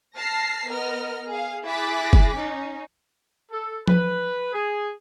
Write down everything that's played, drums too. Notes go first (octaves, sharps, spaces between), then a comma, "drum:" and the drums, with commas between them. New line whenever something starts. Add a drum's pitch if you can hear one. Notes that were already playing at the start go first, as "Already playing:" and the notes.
A5 F6 A#6 C7
B3 A#4 D#5 F6
G#4 F5
E4 G#4 D6 F#6 A6 B6
drum: kick
C#4 D#4
A4
B4, drum: tom F3
G#4